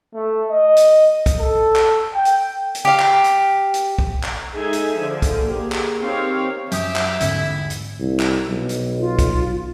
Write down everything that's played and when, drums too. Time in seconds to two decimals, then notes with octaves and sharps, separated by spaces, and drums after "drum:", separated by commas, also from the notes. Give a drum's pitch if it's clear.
0.14 A3
0.50 D#5
0.77 drum: hi-hat
1.26 drum: kick, hi-hat
1.39 A4
1.76 drum: clap
2.14 G5
2.25 drum: hi-hat
2.75 drum: hi-hat
2.85 G4 F5
2.99 drum: clap
3.24 drum: hi-hat
3.74 drum: hi-hat
3.98 drum: kick
4.23 drum: clap
4.54 G#3 D#4 G#4 A4 E5 G#5
4.73 drum: hi-hat
5.00 D3 F3
5.22 drum: kick, hi-hat
5.47 A#3 G4 G#4
5.72 drum: clap
6.02 D#3 C4 G4 A#4 C#5 F5
6.72 F#2 G4 E5 D#6, drum: hi-hat
6.96 drum: clap
7.20 A1 E2 G#2 D3 E4, drum: hi-hat
7.70 drum: hi-hat
7.99 C2
8.20 drum: clap
8.46 B1
8.69 drum: hi-hat
9.00 F4
9.19 drum: kick, hi-hat